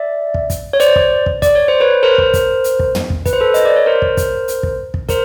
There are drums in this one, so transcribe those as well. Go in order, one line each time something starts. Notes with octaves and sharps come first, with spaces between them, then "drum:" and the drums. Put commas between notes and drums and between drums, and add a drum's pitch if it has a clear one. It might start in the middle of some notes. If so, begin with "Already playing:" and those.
Already playing: D5 E5
drum: kick
drum: kick, hi-hat
C#5
C5 D5, drum: hi-hat
drum: kick
drum: kick
D5, drum: kick, hi-hat
C#5
C5
B4 C#5
A#4 C5
drum: kick
drum: kick, hi-hat
drum: hi-hat
drum: kick
drum: tom
drum: kick
B4, drum: kick, hi-hat
C5
A4 B4
D#5, drum: hi-hat
D5
C#5
A#4 C5
drum: kick
drum: kick, hi-hat
drum: hi-hat
drum: kick
drum: kick
A#4 C5, drum: kick, hi-hat